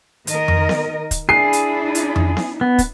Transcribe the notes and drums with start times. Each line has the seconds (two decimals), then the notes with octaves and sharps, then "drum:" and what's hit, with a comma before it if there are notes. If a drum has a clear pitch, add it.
0.27 D#3 A#4 D#5, drum: hi-hat
0.48 drum: tom F2
0.69 drum: snare B3
1.11 drum: kick, hi-hat
1.29 D4 E4 G#4 C7
1.53 drum: hi-hat
1.95 drum: hi-hat
2.16 drum: tom F2
2.37 drum: snare B3
2.61 B3
2.78 drum: kick, hi-hat